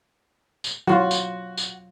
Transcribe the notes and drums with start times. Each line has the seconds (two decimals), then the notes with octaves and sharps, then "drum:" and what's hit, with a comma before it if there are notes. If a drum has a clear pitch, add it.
0.64 drum: tambourine
0.87 F#3 F4 F#4
1.11 drum: tambourine
1.57 drum: tambourine